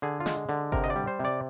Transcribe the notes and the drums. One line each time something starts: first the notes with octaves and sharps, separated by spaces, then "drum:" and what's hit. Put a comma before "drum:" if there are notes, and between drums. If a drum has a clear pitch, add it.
D3 G#4
F4
G#3, drum: snare
D3
C3 A#4, drum: kick G1
D#5
D5
G3
C5
C3
D5